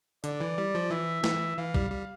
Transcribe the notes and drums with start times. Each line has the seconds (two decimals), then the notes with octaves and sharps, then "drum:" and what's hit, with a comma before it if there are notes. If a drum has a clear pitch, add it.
0.24 D3 D5, drum: hi-hat
0.40 E3
0.58 G3
0.75 F3
0.90 E3 E5
1.24 E3, drum: snare
1.58 E3 F5
1.74 G3, drum: kick
1.91 G3